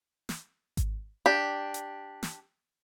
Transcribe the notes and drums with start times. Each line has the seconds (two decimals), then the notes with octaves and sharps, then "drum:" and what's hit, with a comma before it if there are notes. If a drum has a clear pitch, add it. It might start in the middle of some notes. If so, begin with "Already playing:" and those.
0.29 drum: snare
0.77 drum: kick G#1, hi-hat
1.26 D4 G4
1.74 drum: hi-hat
2.23 drum: snare